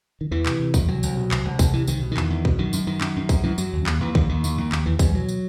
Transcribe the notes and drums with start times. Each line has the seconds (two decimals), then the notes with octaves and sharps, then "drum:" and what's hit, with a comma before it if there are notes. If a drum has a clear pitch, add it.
0.21 D#3
0.31 E2 E3
0.46 C3, drum: clap
0.60 C3
0.74 E2, drum: kick, tambourine
0.88 C2 F#3
1.03 C2, drum: tambourine
1.17 B2
1.31 C2, drum: clap
1.45 C2
1.59 C2, drum: kick, tambourine
1.73 C3 E3
1.87 C2 D#3, drum: tambourine
2.01 B2
2.11 D#3
2.17 E2, drum: clap
2.30 E2
2.45 B2, drum: kick
2.58 F#2 D#3
2.73 F#2, drum: tambourine
2.87 F#2 D#3
3.01 F#2, drum: clap
3.16 F#2
3.29 F#2, drum: kick, tambourine
3.43 F#2 E3
3.58 F#2 F#3, drum: tambourine
3.73 D#2
3.86 D#2, drum: clap
4.00 D#2 E3
4.15 D#2 D#3, drum: kick
4.29 D#2 D#3
4.44 D#2, drum: tambourine
4.58 D#2
4.72 D#2, drum: clap
4.86 E2 E3
4.99 E2 G3, drum: kick, tambourine
5.14 B2 F#3
5.28 drum: tambourine